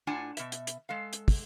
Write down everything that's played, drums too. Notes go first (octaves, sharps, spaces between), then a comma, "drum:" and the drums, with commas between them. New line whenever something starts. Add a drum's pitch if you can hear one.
A2 D4 F4 F#5 G#5 A5
B2 E5, drum: hi-hat
drum: hi-hat
drum: hi-hat
G#3 A4 F5
drum: hi-hat
drum: kick, open hi-hat